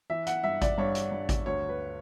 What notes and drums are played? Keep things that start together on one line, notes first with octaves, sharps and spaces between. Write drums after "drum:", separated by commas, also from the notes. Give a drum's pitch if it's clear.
E3 E5
F#5, drum: hi-hat
G2 E5
D5, drum: kick G#1, hi-hat
G2 C#5
drum: hi-hat
G2
drum: kick G#1, hi-hat
D2 C#5
B4